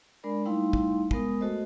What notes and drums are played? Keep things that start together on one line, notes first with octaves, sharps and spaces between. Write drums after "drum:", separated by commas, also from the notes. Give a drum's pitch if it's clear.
G#3 D4 A#4 D5 B5
G3 A3 D#4 E4 F5 C6
drum: kick
G#3 B3 A#4 D#6, drum: kick
A3 F#4 A4 C5 D#5